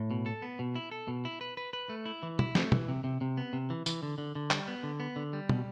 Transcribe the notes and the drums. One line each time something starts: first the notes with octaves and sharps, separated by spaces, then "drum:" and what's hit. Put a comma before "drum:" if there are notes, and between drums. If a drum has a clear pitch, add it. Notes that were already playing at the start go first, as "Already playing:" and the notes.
Already playing: A2
B2
A4
B3
B2
E4
A4
B2
E4
B4
B4
B4
A3
E4
E3
E4, drum: tom
A3, drum: snare
E3, drum: tom
C3
C3
C3
B3
C3
E3
E3, drum: tambourine
D3
D3
D3
G3, drum: clap
B3
D3
B3
D3
G3
B2, drum: tom